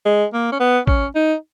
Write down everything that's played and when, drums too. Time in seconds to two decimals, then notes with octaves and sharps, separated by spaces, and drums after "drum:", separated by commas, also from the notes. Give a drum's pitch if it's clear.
0.06 G#3
0.34 A#3
0.52 C#4
0.60 B3
0.87 C#4, drum: kick A1
1.15 D#4